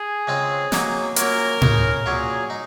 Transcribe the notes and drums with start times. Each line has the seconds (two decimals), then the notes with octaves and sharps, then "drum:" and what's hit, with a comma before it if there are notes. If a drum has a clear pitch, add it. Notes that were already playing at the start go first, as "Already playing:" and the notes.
Already playing: G#4
0.27 C#3 G#3 C4 F4
0.72 F#3 A#3 D#4, drum: snare
1.16 F#3 A#3 C#4 F4 A#4, drum: hi-hat
1.62 C#3 G#3 D#4, drum: tom A2
2.06 A#2 F#3 C#4 F4 G#4
2.50 D#4